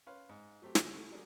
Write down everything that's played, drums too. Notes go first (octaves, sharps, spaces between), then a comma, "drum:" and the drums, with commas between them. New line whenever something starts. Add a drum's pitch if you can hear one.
C#4 B4 F5 C6
G#2
F#3 A3 C4 G4
D2, drum: snare
C2 A3 A4 C#6
F#3 D4 G#4 A#4